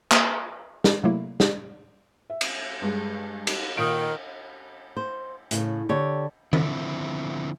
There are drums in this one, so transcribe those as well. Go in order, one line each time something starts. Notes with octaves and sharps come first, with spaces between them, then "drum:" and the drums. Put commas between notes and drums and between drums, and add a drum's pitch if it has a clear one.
A#3, drum: clap
drum: snare
C3 F#3 A3 A#3 E4
drum: snare
E5
drum: cymbal
G2 G#3
drum: cymbal
A#2 D#3 F4 D7
C5
A2 C#3, drum: hi-hat
D3 G4 C#5
D3 F3 C4 E4, drum: tom D#3